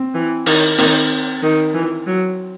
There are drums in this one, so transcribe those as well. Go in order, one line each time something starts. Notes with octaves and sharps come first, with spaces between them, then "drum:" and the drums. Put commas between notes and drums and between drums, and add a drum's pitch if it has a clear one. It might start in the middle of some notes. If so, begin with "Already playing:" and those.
Already playing: C4
E3
D#3, drum: cymbal
D#3 C4, drum: cymbal
D#3
E3
F#3